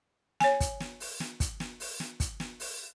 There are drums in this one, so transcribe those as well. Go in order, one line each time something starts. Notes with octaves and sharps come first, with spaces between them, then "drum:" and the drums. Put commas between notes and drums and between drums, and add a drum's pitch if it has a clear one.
C#5 G#5, drum: snare
drum: kick, hi-hat
drum: snare
drum: open hi-hat
drum: snare
drum: kick, hi-hat
drum: snare
drum: open hi-hat
drum: snare
drum: kick, hi-hat
drum: snare
drum: open hi-hat